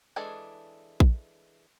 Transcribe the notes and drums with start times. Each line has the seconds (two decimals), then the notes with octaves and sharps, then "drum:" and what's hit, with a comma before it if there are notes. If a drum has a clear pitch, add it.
0.16 E3 G#3 D4 G#4 A4
1.00 drum: kick A#1